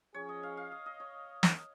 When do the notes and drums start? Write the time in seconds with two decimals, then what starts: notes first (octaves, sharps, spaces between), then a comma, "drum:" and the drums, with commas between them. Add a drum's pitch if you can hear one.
0.14 F3 C#4 G#4 C#5
0.29 D#5
0.43 F5
0.57 F5
0.72 D#5
0.86 D#5
1.00 C#5
1.43 drum: snare